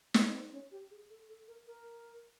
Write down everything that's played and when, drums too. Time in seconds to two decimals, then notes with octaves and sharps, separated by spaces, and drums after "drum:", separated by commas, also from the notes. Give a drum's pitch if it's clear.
0.14 C#4, drum: snare
0.33 C4
0.52 C#4
0.71 G4
0.91 G#4
1.10 A4
1.29 A4
1.48 A#4
1.67 A#4